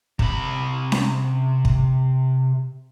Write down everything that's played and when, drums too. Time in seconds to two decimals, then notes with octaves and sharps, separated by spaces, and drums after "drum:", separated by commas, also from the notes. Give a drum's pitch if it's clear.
0.19 C3 B5, drum: kick
0.92 drum: snare C#4
1.65 drum: kick